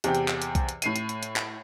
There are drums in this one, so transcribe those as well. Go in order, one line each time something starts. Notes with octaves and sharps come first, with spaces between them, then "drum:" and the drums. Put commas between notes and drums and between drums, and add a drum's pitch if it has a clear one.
E2 C3 G4 G5, drum: hi-hat
drum: hi-hat
drum: clap
drum: hi-hat
drum: kick B1, hi-hat
drum: hi-hat
A2 C7 D#7, drum: hi-hat
drum: hi-hat
drum: hi-hat
drum: hi-hat
drum: clap